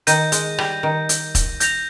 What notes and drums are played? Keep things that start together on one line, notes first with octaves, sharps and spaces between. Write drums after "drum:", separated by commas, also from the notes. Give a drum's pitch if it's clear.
D#3 G6 A#6 D#7, drum: hi-hat
G#3, drum: hi-hat
G3, drum: rim click
D#3
drum: hi-hat
drum: kick E1, hi-hat
G6 A#6 F7, drum: hi-hat